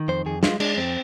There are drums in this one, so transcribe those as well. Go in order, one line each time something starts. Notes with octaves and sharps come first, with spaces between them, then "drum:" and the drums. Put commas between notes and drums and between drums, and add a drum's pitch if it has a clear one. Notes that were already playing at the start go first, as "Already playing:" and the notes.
Already playing: D#3
F2 C5
F2 G#4
G#3 F4, drum: snare
G#3 D4, drum: cymbal
F2 C4